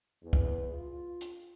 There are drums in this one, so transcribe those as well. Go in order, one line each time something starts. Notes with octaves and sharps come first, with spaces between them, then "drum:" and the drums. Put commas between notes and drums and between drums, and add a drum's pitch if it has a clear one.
E2
drum: kick
F4
drum: hi-hat